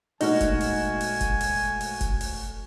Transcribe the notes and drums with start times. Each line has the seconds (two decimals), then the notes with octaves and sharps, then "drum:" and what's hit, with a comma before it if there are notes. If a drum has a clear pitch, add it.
0.21 A#2 G#3 A3 D#4 F#4 G#5 F6, drum: open hi-hat
0.41 drum: kick F1, hi-hat
0.61 drum: open hi-hat
1.01 drum: open hi-hat
1.21 drum: kick F1, hi-hat
1.41 drum: open hi-hat
1.81 drum: open hi-hat
2.01 drum: kick F1, hi-hat
2.21 drum: open hi-hat